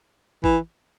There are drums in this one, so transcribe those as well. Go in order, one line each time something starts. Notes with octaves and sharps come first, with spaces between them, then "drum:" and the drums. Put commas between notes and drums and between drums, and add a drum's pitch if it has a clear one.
E3, drum: kick A1